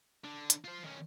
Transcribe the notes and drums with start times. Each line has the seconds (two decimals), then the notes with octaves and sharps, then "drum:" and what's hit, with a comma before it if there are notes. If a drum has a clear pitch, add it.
0.24 D3
0.50 drum: hi-hat
0.65 F4 C5
0.84 D#3 C#4